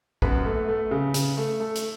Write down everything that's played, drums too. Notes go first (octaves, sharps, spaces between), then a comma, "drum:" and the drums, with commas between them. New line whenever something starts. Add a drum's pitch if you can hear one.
F#2 B3 B4, drum: kick A#1
A3
A3
C#3
C#3, drum: hi-hat
A3
A3
drum: hi-hat